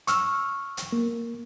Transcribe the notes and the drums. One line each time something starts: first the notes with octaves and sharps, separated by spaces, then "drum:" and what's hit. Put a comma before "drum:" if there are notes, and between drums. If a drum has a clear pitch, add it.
C#6 E6 F6, drum: hi-hat
drum: hi-hat
A#3